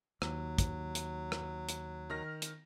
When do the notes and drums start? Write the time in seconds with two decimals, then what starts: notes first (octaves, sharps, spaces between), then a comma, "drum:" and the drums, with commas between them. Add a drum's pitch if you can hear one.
0.22 D#2 F#3, drum: rim click
0.58 drum: kick, hi-hat
0.95 drum: hi-hat
1.32 drum: rim click
1.69 drum: hi-hat
2.10 D#3 F6 A#6
2.42 drum: hi-hat